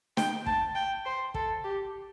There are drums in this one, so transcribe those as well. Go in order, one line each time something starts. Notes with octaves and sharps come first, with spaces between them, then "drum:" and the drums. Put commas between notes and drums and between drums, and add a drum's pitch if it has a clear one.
G5, drum: snare
A5, drum: kick
G5
C5
A4, drum: kick
G4